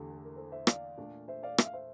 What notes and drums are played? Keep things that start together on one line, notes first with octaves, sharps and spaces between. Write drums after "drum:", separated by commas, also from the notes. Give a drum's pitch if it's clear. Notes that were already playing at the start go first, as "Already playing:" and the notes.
Already playing: E2 D3 A3 G4
A4
A#4
A4 C5
C5 E5
D5 F5, drum: rim click
A#2 A3 D4 A4
C5 E5
D5 F5
E5, drum: rim click
F5
C5 E5